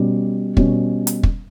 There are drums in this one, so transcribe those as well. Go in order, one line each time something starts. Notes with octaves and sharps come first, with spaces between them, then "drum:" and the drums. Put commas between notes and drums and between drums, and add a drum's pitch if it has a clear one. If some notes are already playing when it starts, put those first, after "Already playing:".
Already playing: B2 G3 C#4
B2 G3 C#4, drum: kick
drum: hi-hat
drum: kick